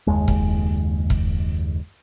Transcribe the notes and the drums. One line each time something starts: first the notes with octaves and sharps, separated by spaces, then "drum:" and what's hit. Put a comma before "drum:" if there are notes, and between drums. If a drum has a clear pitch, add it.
F#1 D#2 G#3
drum: kick E1
drum: kick E1